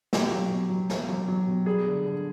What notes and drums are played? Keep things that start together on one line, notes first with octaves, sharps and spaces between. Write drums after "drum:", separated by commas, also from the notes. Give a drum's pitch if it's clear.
B2 G4, drum: snare
F#3
B2
F#3
F#3, drum: snare
F#3
F#3
B2
G3 G#4
D3
D3